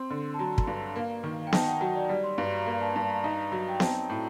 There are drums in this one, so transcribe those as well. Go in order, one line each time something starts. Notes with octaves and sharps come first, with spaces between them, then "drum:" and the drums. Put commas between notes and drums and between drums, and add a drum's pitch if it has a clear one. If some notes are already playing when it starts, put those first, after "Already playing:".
Already playing: C4 C6
D3
A5
F#3 A#5
drum: kick
G2
A#3
D#3
G5
D#4 A5, drum: snare B3
G5
F#5
F#3 F#5
D5
G3 D5
C6
G2 A#5
A#5
A#3 A#5
A5
G2 A5
A#5
D#4 A#5
F#3
G5
C4 A5, drum: snare B3
A2